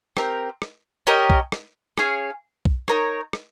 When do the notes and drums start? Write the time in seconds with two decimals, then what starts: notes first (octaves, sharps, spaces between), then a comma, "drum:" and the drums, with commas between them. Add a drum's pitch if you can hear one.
0.17 C4 G4 A#4, drum: rim click
0.62 drum: rim click
1.07 C#4 G4 A#4 D#5
1.30 drum: kick B1
1.52 drum: rim click
1.98 C#4 G#4 C#5 F5, drum: rim click
2.65 drum: kick B1
2.88 D#4 A#4 C#5, drum: rim click
3.33 drum: rim click